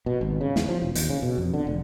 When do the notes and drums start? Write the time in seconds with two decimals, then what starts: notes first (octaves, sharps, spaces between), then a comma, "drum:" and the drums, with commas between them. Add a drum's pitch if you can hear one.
0.06 B2
0.21 G#1
0.41 C#3
0.56 E2, drum: snare
0.68 F3
0.82 E1
0.95 D#2, drum: hi-hat
1.10 C#3
1.22 B2
1.38 F2
1.54 D3
1.67 F1